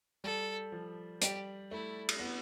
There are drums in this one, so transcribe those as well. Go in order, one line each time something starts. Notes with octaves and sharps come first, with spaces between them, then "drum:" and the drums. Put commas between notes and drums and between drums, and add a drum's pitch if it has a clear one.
G3 A4
F3
G3 G4, drum: hi-hat
A3 E4
drum: cymbal
B3